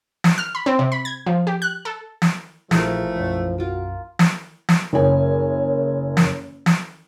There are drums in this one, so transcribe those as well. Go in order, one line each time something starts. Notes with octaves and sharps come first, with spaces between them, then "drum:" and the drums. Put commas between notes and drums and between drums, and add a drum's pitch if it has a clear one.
drum: snare
F6
B5
C4
C3
B5
G#6
F3
G4
F#6
A4
drum: snare
A#1 E3 F3 A3 G#4 A#4, drum: snare
B1 F#2
A#3 F4 F#4
drum: snare
drum: snare
F#1 C#5 G#5
drum: snare
drum: snare